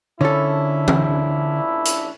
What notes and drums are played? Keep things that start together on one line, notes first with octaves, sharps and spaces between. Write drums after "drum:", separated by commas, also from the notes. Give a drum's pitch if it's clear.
A#1 D3 C#4 D4 E4 A4
drum: tom E3
drum: hi-hat